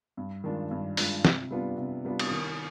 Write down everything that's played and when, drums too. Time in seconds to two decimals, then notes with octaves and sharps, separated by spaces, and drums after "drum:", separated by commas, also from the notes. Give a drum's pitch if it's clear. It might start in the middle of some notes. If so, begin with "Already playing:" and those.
0.17 G2
0.44 D#3 G#3 D4 F4
0.71 G2
0.97 D#3 G#3 D4 F4, drum: open hi-hat
1.25 C3, drum: snare
1.51 G3 B3 D4 F4
1.77 C3
2.05 G3 B3 D4 F4
2.19 drum: cymbal
2.31 D#3